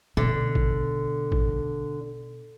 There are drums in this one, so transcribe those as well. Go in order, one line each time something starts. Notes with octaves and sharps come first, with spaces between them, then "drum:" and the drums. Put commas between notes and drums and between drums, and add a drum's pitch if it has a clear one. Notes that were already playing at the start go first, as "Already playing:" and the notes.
B2 D3
drum: kick A1
drum: kick A1